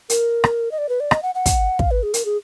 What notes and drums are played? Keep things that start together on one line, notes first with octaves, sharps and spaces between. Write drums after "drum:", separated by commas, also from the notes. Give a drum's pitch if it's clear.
A#4, drum: hi-hat
drum: rim click
D#5
D5
B4
D5
D#5, drum: rim click
F#5
F#5
drum: kick, hi-hat
F5, drum: kick
B4
G#4
A#4, drum: hi-hat
G#4